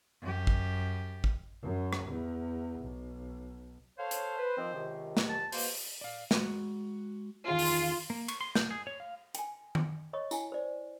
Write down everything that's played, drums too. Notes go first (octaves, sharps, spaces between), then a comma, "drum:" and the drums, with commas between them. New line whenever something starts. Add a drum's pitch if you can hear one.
F#2 G4
drum: kick
drum: kick
F#2
drum: rim click
E2
B1
A4 C5 C#5 F5
drum: hi-hat
B4
D#3 F3 C4
C#2 C3 D#3
drum: snare
A5
B2 A#3 C5, drum: open hi-hat
D5 F5
G#3 F#4, drum: snare
E2 D#3 F4 G#4
drum: open hi-hat
A#3
C#6, drum: cymbal
C6
G6, drum: snare
G#4
C#5
F5
G5 G#5, drum: hi-hat
G5, drum: tom D#3
C#5 D#5 C#6
E4 G5 G#5, drum: tambourine
C5 D5